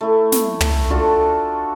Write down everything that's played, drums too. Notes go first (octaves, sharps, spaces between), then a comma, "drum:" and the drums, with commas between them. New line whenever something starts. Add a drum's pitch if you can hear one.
A3 E4
drum: snare
drum: tom
D4 F4 F#4 A4